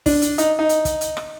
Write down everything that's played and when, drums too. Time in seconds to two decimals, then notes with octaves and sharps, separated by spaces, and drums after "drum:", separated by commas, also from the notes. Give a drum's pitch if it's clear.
0.06 D4, drum: kick, open hi-hat
0.22 drum: hi-hat
0.38 D#4, drum: hi-hat
0.59 D#4
0.69 drum: hi-hat
0.85 drum: kick, hi-hat
1.01 drum: hi-hat
1.17 drum: rim click